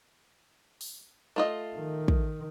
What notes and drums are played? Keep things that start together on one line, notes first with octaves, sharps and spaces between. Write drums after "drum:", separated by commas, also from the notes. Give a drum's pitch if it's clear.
drum: open hi-hat
A3 F4 D#5
D#3
drum: kick